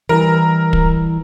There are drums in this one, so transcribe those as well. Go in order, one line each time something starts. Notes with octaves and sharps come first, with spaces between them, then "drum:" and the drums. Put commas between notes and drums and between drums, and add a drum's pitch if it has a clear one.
E3 G3 A#4 B4
drum: kick